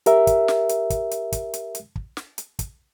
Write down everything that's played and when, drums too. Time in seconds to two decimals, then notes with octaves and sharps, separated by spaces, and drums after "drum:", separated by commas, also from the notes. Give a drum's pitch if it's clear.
0.06 G4 A#4 E5, drum: hi-hat
0.27 drum: kick, hi-hat
0.48 drum: snare
0.69 drum: hi-hat
0.90 drum: kick, hi-hat
1.11 drum: hi-hat
1.33 drum: kick, hi-hat
1.54 drum: hi-hat
1.75 drum: hi-hat
1.96 drum: kick
2.17 drum: snare
2.38 drum: hi-hat
2.59 drum: kick, hi-hat